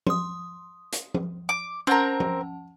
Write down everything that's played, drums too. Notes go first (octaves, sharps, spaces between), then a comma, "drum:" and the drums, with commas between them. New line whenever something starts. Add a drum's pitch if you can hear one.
C6 D#6, drum: tom F3
drum: hi-hat
drum: tom F3
D6
C4 C#4 A#4 F#5 A5
drum: tom F3